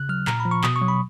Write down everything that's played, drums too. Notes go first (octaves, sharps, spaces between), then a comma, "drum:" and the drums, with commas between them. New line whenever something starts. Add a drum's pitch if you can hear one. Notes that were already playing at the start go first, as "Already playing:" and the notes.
Already playing: C#3 F#6
F#3 F6
A#2 A#5, drum: clap
B5
F3
C#6
B2 D#6, drum: clap
C#6
F#3
B5